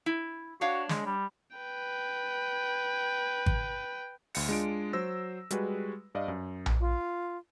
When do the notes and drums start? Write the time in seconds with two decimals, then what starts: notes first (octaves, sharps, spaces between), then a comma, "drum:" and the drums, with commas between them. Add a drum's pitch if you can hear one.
0.06 E4
0.61 D4 F#4 C#5 F5
0.89 G#3, drum: snare
1.06 G3
1.57 B4 G5
3.46 drum: kick G#1
4.35 D2 C#7, drum: open hi-hat
4.49 G#3 D4 F4 D7
4.93 F#3 C5 E6 A#6
5.50 G3 G#3 F#4 G#4 B4, drum: hi-hat
6.15 G2 D5 D#5 F5
6.28 F#2
6.66 drum: tom A#1
6.80 F4